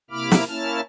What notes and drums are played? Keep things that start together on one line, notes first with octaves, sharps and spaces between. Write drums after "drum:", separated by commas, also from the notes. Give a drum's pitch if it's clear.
C3 A#3 E4 B5 D6 F6
drum: snare
A#3 C#4 E4 A5 F6